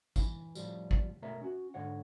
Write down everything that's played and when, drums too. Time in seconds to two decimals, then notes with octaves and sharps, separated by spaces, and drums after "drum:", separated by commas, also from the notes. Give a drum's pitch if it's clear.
0.16 E3, drum: kick, tambourine
0.55 A2 F3 G3, drum: tambourine
0.91 drum: kick
1.22 B2 A3 A#4 C#5 E5 A#5
1.42 C#4 F#4
1.74 G#2 D3 C#5 F#5